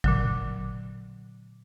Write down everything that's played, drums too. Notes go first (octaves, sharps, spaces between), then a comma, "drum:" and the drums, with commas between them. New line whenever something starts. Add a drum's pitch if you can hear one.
A#2 D3 F#3, drum: kick G#1